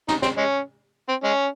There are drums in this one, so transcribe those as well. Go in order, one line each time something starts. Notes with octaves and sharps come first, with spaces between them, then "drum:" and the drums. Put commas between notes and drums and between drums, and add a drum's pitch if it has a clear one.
D#4, drum: snare
C4, drum: snare
G#3 C#4
C4
G#3 C#4